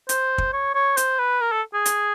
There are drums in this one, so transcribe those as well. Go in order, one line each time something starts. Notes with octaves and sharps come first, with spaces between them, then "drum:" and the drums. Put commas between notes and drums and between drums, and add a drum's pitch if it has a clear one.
C5, drum: hi-hat
drum: kick
C#5
C#5
C5, drum: hi-hat
B4
A#4
A4
G#4
drum: hi-hat